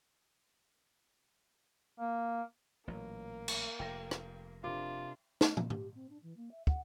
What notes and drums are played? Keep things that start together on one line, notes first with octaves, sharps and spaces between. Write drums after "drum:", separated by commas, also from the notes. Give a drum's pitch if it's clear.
A#3
A1 A#2 F#3 A#3
drum: cymbal
F1 G5 A#6
drum: rim click
C3 D4 F4 A#4 D6
A3, drum: snare
A#3, drum: tom
G4, drum: tom G#2
C4
D4
E3
A#3
E5
F#5, drum: kick